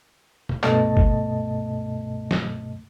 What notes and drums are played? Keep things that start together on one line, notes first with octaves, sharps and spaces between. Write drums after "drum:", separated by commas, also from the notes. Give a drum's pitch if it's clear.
drum: tom B2
C#2 G2 B2 A3 D#5 A5, drum: clap
drum: kick G1
drum: snare